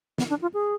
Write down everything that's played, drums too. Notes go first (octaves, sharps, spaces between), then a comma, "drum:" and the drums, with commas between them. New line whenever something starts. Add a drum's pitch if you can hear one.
B3, drum: snare
D4
F4
G#4